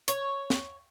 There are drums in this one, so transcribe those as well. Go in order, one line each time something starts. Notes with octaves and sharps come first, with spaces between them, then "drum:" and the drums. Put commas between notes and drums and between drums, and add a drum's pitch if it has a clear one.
C#5, drum: hi-hat
drum: snare